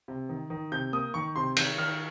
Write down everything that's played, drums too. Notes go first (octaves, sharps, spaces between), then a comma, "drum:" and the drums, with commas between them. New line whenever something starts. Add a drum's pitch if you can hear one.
C3
D#3
D#3
C3 G6
A#3 D#6
D#3 C#6
C3 C6
D#3 G6, drum: cymbal
D#3 F6